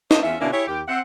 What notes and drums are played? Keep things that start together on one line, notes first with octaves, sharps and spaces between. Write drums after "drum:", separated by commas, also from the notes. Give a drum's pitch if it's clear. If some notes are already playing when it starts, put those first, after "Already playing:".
D4 C5 D#5, drum: snare
E2 C#4 F4 E5
B2 D3 A#3 C#4 D4 E4
E4 G4 G#4 C#5
D#2 G4
C4 E5 F#5